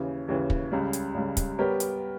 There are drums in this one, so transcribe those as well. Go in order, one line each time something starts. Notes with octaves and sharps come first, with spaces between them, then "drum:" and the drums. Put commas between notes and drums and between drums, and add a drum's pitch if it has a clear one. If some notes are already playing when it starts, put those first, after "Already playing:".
Already playing: D#2 C#3 E3
D#2 C#3 E3
drum: kick
C#2 C#3 G3
drum: hi-hat
C#2 C#3 G3
drum: kick, hi-hat
G3 B3 G4 A#4 C#5
drum: hi-hat